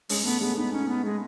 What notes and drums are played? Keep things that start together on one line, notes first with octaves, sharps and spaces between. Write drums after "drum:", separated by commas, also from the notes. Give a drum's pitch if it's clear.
G#3 C#4, drum: open hi-hat
A3 B3
G#3 B3
B3 D#4
C#4 D#4
B3
G#3